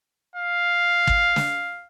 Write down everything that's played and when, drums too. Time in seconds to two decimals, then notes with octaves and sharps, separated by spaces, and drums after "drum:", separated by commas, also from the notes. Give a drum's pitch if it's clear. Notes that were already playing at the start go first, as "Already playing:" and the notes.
0.35 F5
1.07 drum: kick
1.36 drum: snare